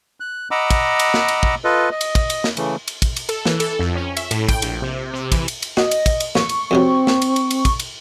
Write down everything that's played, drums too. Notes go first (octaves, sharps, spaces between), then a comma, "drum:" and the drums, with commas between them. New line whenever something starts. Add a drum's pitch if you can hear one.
F#6
D#5 F#5 A#5 B5 D6 E6
drum: kick, cymbal
drum: cymbal
drum: snare
drum: cymbal
drum: kick
F4 A4 B4 D#5
D#5
drum: cymbal
drum: kick, cymbal
drum: cymbal
drum: snare
C#3 E3 A3, drum: cymbal
drum: cymbal
drum: kick, cymbal
drum: cymbal
A4, drum: cymbal
E3, drum: snare
A4, drum: cymbal
F2
C#4
E5, drum: cymbal
A2, drum: cymbal
G5, drum: kick, cymbal
A#1, drum: cymbal
C3
C3
E3, drum: kick, cymbal
drum: cymbal
drum: cymbal
F#4 D#5, drum: snare
drum: cymbal
drum: kick, cymbal
drum: cymbal
A1 C#6, drum: snare
drum: cymbal
F2 C3 F#3 C4
drum: snare
drum: cymbal
drum: cymbal
drum: cymbal
drum: kick, cymbal
drum: cymbal